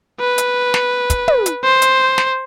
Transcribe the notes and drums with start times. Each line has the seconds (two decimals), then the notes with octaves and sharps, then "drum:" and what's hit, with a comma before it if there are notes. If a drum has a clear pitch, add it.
0.20 B4
0.38 drum: hi-hat
0.74 drum: snare
1.10 drum: kick, hi-hat
1.28 drum: tom
1.46 drum: hi-hat
1.63 C5
1.82 drum: hi-hat
2.18 drum: snare